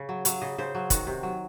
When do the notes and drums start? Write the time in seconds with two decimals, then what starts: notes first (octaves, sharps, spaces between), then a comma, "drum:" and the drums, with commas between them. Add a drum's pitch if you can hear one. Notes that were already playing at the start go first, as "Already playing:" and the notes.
Already playing: C#3 C#5
0.09 F#3
0.25 F#3 F5, drum: hi-hat
0.41 C#3 D#5
0.58 C#3 C5
0.75 F#3
0.90 D#3 F#4, drum: kick, hi-hat
1.07 C3
1.23 F#3